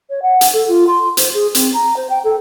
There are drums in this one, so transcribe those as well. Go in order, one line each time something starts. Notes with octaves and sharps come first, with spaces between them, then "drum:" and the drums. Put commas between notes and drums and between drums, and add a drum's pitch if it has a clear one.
C#5
F#5
drum: hi-hat
A4
F4
C6
C5, drum: hi-hat
G#4
C4, drum: hi-hat
A#5
C5
G5
A4